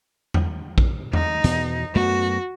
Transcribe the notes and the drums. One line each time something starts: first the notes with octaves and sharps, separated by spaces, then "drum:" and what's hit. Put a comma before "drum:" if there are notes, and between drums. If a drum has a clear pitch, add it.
drum: tom E2
drum: kick A#1
D#4, drum: tom E2
E2 B2, drum: hi-hat
F#2 A3 B3 F#4